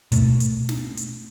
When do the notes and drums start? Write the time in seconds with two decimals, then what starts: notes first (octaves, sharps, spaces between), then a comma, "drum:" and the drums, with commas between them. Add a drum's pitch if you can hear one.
0.12 B2 A3, drum: kick, hi-hat
0.40 drum: hi-hat
0.69 drum: snare
0.97 drum: hi-hat